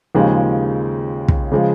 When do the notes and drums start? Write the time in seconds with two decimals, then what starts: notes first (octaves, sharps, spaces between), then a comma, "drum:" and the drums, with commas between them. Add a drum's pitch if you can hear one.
0.15 D#2 C#3 F3 G#3
1.28 drum: kick
1.52 C#3 F3 G#3